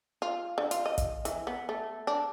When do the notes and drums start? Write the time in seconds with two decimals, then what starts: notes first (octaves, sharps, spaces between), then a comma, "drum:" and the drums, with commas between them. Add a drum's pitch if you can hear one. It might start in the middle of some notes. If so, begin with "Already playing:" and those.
0.22 F4
0.58 D3
0.71 F4, drum: hi-hat
0.86 D#5
0.98 drum: kick, hi-hat
1.25 E3, drum: hi-hat
1.47 B3
1.69 A3
2.07 D4